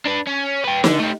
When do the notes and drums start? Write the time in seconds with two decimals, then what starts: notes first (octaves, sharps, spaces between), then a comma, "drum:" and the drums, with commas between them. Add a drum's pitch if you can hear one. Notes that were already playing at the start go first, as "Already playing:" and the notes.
0.06 D4 B4
0.27 C#4
0.64 B4 G5
0.84 D3, drum: snare
0.99 A3 G4